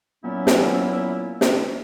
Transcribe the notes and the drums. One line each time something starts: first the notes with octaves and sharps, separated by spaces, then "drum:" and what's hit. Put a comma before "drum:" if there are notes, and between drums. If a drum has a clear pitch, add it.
A#2 F#3 A#3 B3 C#4 E4
drum: snare
drum: snare